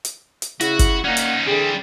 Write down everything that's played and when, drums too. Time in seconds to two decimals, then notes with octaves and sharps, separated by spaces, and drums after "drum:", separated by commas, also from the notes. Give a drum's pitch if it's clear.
0.05 drum: hi-hat
0.42 drum: hi-hat
0.61 C#3 E4 F#4, drum: hi-hat
0.79 drum: kick, hi-hat
1.04 A#3 C#4 D#4 D5 F#5
1.17 drum: hi-hat
1.47 D3 E3 G3 C4 G#4